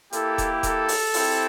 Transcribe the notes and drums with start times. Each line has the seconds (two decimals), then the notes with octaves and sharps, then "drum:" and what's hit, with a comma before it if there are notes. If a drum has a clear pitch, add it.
0.13 A#3 E4 G4 A4, drum: hi-hat
0.38 drum: kick D#1, hi-hat
0.63 A4, drum: kick D#1, hi-hat
0.88 drum: open hi-hat
1.14 C4 E4 G4, drum: open hi-hat